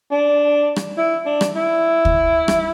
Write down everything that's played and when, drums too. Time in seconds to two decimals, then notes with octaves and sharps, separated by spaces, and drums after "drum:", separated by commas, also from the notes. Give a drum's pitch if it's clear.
0.11 D4
0.76 drum: rim click
0.97 E4
1.26 D4
1.41 drum: rim click
1.56 E4
2.05 drum: kick
2.48 drum: rim click